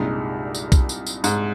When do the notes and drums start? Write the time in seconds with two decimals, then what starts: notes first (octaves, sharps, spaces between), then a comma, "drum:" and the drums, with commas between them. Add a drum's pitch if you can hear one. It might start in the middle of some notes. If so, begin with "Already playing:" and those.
Already playing: C2 G2 A#2 G#3 D#4
0.55 drum: tambourine
0.72 drum: kick B1, tambourine
0.89 drum: tambourine
1.06 drum: tambourine
1.24 G#2, drum: tambourine